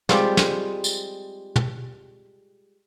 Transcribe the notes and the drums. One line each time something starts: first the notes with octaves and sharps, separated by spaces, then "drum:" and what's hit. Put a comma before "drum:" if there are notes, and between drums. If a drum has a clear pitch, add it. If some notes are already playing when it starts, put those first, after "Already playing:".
F3 G3 G#3 C4 F4 G4, drum: snare
drum: snare
drum: tambourine
drum: tom